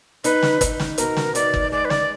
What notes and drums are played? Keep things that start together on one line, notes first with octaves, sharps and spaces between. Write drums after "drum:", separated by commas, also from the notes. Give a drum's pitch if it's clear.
D#4 B4, drum: hi-hat
drum: snare
D#4, drum: kick, hi-hat
drum: snare
B2 A#4, drum: hi-hat
drum: snare
D#4 D5, drum: hi-hat
drum: kick
G#3 D5
B4
D5, drum: snare